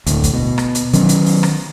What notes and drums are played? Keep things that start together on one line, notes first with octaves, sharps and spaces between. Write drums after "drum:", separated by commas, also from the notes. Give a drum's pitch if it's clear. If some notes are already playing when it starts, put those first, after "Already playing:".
D2 A2, drum: hi-hat
drum: kick, hi-hat
B2
drum: rim click
drum: hi-hat
D#3 F#3 C#4, drum: hi-hat
drum: hi-hat
drum: open hi-hat
drum: rim click